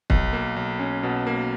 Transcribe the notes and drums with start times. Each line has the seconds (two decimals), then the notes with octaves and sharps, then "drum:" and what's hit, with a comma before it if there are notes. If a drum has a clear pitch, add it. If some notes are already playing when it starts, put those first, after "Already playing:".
0.10 B1, drum: kick
0.33 A#3
0.56 B1
0.79 C#4
1.03 B2
1.27 A#3